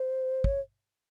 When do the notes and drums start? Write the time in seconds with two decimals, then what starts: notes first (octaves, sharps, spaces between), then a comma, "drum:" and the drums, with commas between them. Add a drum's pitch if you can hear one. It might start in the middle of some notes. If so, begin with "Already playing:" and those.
Already playing: C5
0.44 C#5, drum: kick